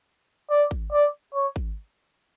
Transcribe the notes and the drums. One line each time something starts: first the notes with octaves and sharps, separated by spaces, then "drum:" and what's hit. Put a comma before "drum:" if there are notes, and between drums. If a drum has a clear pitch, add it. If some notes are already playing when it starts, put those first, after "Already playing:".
D5
drum: kick G#1
D5
C#5
drum: kick G#1